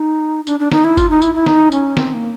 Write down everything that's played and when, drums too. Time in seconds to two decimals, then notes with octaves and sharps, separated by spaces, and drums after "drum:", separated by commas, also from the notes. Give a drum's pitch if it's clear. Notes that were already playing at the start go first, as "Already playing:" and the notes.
Already playing: D#4
0.47 D4, drum: tambourine
0.60 D4
0.72 D#4, drum: snare
0.84 E4
0.97 F4, drum: kick G1, tambourine
1.10 D#4
1.22 E4, drum: tambourine
1.35 E4
1.46 D#4, drum: snare
1.72 C#4, drum: tambourine
1.97 C4, drum: snare
2.13 A#3